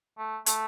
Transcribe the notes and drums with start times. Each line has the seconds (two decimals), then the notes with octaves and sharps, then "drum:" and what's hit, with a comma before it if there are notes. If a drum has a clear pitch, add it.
0.18 A3
0.46 A3, drum: hi-hat